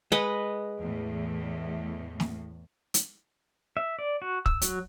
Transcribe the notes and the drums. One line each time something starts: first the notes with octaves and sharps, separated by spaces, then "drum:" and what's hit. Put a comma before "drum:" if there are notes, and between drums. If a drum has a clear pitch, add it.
G#3 B4 D#5 F#5
E2 A2
drum: snare
drum: hi-hat
E5
D5
F#4
E6, drum: kick
F#3, drum: hi-hat